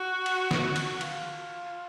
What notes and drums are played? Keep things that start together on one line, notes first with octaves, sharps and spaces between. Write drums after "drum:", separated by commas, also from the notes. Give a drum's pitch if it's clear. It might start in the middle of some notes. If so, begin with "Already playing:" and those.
Already playing: F#4
drum: cymbal
drum: snare
drum: cymbal
F4, drum: cymbal